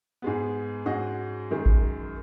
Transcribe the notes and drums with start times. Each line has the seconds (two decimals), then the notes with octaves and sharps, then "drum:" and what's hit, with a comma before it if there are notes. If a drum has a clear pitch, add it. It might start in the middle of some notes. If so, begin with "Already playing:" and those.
0.22 G#2 G#3 B3
0.86 G#2 G#3 C#4 F#4 D#5
1.51 F#2 D#3 G#3
1.66 drum: kick A1